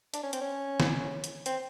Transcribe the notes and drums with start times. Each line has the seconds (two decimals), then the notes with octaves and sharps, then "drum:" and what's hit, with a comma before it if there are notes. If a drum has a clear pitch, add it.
0.14 D4, drum: hi-hat
0.23 C#4
0.33 C4, drum: hi-hat
0.41 C#4
0.80 drum: snare
1.24 drum: hi-hat
1.46 C4, drum: hi-hat